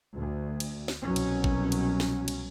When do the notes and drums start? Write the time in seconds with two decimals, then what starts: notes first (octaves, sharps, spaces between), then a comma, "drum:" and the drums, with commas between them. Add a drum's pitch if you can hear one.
0.16 D2
0.60 drum: cymbal
0.88 drum: snare
1.02 C2 B2 F#3 C#4
1.16 drum: cymbal
1.44 drum: kick
1.72 drum: cymbal
2.00 drum: snare
2.28 drum: cymbal